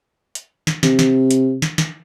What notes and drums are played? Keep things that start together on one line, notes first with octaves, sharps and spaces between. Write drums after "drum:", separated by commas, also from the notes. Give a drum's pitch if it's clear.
drum: hi-hat
drum: snare
C3, drum: snare
drum: snare
drum: hi-hat
drum: snare
drum: snare